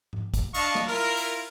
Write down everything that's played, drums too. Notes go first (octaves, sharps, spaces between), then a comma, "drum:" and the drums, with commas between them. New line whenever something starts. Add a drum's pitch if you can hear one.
drum: tom G#2
drum: kick, hi-hat
D4 D#5 F5 A5 C#6, drum: hi-hat
drum: snare
E4 F4 A#4
drum: open hi-hat